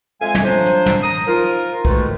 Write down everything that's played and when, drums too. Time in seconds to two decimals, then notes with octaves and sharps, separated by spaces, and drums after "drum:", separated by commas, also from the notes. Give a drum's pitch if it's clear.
0.20 F2 G#3 E5 F5 G#5
0.35 drum: tom
0.44 F3 F#3 D4 C5
0.65 drum: hi-hat
0.86 drum: tom
1.03 A#5 D#6
1.27 F3 D#4 F4 A#4
1.85 B2 D3 D#3 G#3 A3, drum: kick C2